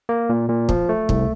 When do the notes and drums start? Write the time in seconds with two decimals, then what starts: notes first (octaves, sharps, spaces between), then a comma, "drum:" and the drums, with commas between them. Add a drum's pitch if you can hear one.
0.09 A#3
0.29 A#2
0.49 A#2
0.69 F3, drum: kick
0.89 A3
1.09 C2, drum: kick